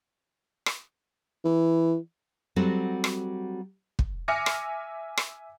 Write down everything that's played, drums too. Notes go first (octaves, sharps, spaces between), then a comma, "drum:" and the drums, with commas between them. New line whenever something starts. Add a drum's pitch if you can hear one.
drum: rim click
E3
F#3 G3 C4 F#4 A4
drum: rim click
drum: kick
E5 G#5 D6 F6 A#6 C#7
drum: rim click
drum: rim click